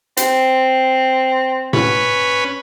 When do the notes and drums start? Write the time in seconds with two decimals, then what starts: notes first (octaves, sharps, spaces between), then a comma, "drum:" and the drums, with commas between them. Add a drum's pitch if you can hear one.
0.17 C4, drum: hi-hat
1.73 C#4 B4, drum: tom A2